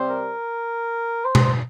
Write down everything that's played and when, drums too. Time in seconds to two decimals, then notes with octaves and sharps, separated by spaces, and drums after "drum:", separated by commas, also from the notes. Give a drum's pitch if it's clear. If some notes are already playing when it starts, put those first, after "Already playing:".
Already playing: C3 G3 C4 G4 C5
0.10 A#4
1.25 C5
1.35 drum: tom B2
1.44 C5